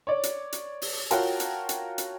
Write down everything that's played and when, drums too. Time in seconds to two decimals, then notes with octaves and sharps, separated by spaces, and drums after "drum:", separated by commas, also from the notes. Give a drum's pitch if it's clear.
0.07 C#5 D5
0.23 drum: hi-hat
0.53 drum: hi-hat
0.82 drum: open hi-hat
1.11 F4 F#4 A#4 C#5 G5 A5, drum: hi-hat
1.40 drum: hi-hat
1.69 drum: hi-hat
1.98 drum: hi-hat